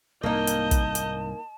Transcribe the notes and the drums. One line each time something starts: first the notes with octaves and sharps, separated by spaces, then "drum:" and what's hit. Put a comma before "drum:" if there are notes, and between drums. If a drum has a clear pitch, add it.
C2 G#2 A#3 D#4 D#5 A5 G6
drum: hi-hat
drum: kick, hi-hat
drum: hi-hat